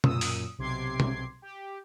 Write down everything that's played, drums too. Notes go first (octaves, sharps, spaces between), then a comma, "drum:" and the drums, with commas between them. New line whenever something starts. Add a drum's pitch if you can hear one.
F#2 A#2 D#6 E6, drum: tom B2
drum: open hi-hat
B1 C3 C6 D6 G#6 C7
drum: tom B2
G4